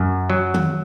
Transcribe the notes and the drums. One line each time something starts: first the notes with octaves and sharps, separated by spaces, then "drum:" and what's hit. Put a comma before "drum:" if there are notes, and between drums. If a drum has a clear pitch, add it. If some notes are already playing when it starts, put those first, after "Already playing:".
Already playing: F#2
F#3
drum: tom D#3